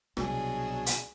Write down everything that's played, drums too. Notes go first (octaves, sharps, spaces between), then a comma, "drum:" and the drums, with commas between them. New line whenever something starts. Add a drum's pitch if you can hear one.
C2 B2 F#3 D4 G#4, drum: rim click
drum: hi-hat